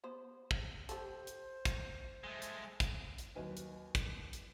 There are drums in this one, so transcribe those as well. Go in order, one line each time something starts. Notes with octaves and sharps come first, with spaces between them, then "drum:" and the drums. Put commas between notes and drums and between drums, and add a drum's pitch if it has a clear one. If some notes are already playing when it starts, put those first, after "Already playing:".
B3 C5
drum: kick
G4 A4 C5, drum: hi-hat
drum: hi-hat
drum: kick, hi-hat
G#3 A3
drum: hi-hat
drum: kick, hi-hat
drum: hi-hat
D#2 F#3 B4 D#5 G#5
drum: hi-hat
drum: kick, hi-hat
drum: hi-hat